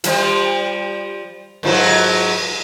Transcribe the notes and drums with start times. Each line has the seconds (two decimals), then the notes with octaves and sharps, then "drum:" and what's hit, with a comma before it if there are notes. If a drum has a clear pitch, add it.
0.04 F3 G3 C5, drum: hi-hat
1.63 G#2 F3 F#3, drum: cymbal